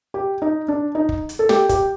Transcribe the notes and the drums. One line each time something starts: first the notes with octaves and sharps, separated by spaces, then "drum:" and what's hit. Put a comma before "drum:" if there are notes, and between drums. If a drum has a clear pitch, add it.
G4
D#4
D4
D#4
drum: kick
drum: hi-hat
A4
G4, drum: snare
G4, drum: kick, hi-hat